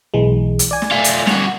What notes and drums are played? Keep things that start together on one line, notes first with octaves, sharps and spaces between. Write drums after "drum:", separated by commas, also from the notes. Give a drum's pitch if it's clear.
B1 E3 G#3
drum: hi-hat
D5 G#5
drum: snare
A3 F4
drum: hi-hat
G2 F#4, drum: snare